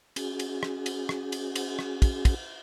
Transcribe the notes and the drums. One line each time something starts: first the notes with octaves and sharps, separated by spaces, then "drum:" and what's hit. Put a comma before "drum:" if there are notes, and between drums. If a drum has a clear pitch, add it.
C#4 F#4 G#4, drum: cymbal
drum: cymbal
drum: rim click
drum: cymbal
drum: rim click
drum: cymbal
drum: cymbal
drum: rim click
drum: kick, cymbal
drum: kick, cymbal